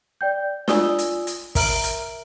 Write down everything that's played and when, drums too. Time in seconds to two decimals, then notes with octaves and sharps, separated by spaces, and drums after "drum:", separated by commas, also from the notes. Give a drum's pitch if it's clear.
0.21 D5 G5 G6
0.68 F4 D5 G#5 D#6 E6 G7, drum: snare
0.99 drum: hi-hat
1.27 drum: hi-hat
1.55 A#4 E5 A#5 F6 D7 F#7, drum: kick, open hi-hat
1.84 drum: hi-hat